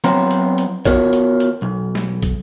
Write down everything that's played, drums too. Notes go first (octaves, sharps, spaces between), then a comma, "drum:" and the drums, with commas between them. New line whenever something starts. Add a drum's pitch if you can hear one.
F#3 B3 C4 C5 C#5 A#5, drum: hi-hat
drum: hi-hat
drum: hi-hat
B3 F#4 A#4 C#5, drum: kick, hi-hat
drum: hi-hat
drum: hi-hat
B1
drum: snare
drum: kick, hi-hat